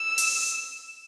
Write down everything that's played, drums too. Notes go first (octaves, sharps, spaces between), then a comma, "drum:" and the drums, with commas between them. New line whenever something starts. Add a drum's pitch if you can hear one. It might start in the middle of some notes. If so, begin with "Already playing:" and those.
Already playing: E6
drum: open hi-hat